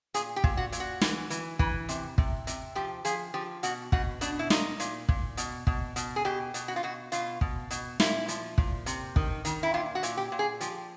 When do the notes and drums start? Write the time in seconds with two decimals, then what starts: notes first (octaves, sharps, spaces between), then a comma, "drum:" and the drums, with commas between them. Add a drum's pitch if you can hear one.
0.14 A#2 G#4, drum: hi-hat
0.36 G4
0.44 A#2, drum: kick
0.57 F#4
0.72 A#2, drum: hi-hat
0.80 F#4
1.01 E3, drum: snare
1.30 E3, drum: hi-hat
1.59 E3, drum: kick
1.89 C3, drum: hi-hat
2.18 C3, drum: kick
2.47 C3, drum: hi-hat
2.75 F3 G4
3.05 F3 G#4, drum: hi-hat
3.34 F3 G4
3.63 B2 F#4, drum: hi-hat
3.92 B2 F#4, drum: kick
4.21 B2 D4, drum: hi-hat
4.39 E4
4.50 A#2 D#4, drum: snare
4.80 A#2, drum: hi-hat
5.09 A#2, drum: kick
5.37 B2, drum: hi-hat
5.67 B2, drum: kick
5.96 B2, drum: hi-hat
6.16 G#4
6.25 B2 G4
6.54 B2, drum: hi-hat
6.68 F#4
6.76 F4
6.83 B2 F#4
7.12 B2 F4, drum: hi-hat
7.41 B2, drum: kick
7.71 B2, drum: hi-hat
8.00 A#2 E4, drum: snare
8.28 F3, drum: hi-hat
8.58 A#2, drum: kick
8.86 C3, drum: hi-hat
9.16 D#3, drum: kick
9.45 D#3, drum: hi-hat
9.63 E4
9.74 A#2 F4
9.95 F#4
10.03 A#2, drum: hi-hat
10.17 G4
10.32 A#2
10.39 G#4
10.61 F3 G4, drum: hi-hat